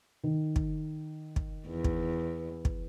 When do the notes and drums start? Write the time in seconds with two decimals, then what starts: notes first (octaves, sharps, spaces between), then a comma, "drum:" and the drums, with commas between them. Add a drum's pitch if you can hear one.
0.23 D#3
0.56 drum: kick
1.36 drum: kick
1.68 E2
1.84 drum: kick
2.65 drum: kick